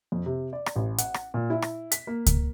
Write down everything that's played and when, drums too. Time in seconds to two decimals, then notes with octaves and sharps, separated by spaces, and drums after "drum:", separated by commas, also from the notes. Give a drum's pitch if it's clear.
0.12 F2
0.26 C3
0.53 D5
0.66 drum: rim click
0.76 A1
0.98 F#5, drum: hi-hat
1.14 drum: rim click
1.34 A#2
1.50 E4
1.62 drum: rim click
1.92 B6, drum: hi-hat
2.07 A#3
2.26 drum: kick C#2, hi-hat